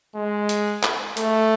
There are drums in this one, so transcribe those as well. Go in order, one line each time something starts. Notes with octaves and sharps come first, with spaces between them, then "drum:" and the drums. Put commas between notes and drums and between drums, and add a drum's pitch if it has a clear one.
G#3
drum: hi-hat
drum: clap
A3, drum: hi-hat